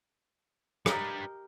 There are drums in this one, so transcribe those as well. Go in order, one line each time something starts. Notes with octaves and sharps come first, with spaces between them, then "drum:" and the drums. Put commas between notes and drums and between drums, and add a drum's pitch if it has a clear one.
G3 G4 A#4 B4 D#5, drum: rim click